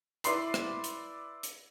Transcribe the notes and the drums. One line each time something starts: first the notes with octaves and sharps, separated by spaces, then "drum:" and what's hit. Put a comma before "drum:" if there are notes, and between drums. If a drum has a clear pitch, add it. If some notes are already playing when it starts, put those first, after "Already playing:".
E4 B4 D5 C6 C7, drum: hi-hat
drum: rim click
drum: hi-hat
drum: hi-hat